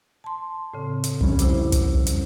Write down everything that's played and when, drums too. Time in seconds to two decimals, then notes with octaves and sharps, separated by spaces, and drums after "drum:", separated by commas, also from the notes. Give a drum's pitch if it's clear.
0.24 A5 C6
0.74 A2 C#3 C4
1.04 drum: hi-hat
1.21 F2 G3 C#4, drum: kick
1.39 E4 C5 D6, drum: hi-hat
1.72 drum: kick, hi-hat
2.07 drum: hi-hat